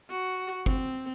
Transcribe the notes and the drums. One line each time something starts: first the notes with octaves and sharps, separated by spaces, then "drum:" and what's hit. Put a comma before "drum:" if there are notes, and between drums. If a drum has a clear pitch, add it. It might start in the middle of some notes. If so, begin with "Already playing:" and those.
F#4
C4, drum: kick